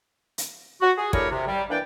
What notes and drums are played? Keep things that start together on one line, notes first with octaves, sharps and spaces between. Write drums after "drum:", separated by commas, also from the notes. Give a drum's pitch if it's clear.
drum: hi-hat
F#4
G#4
A3 D4 E4 G4 A#4 C#5, drum: kick
C3
G3
E3 A#3 D4 D5 G5